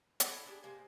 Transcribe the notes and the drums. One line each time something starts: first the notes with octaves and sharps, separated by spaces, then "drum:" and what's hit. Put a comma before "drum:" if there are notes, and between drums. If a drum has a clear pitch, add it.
E4 A4, drum: hi-hat
D4 G4 G#4
C3 G#3 A#3 C5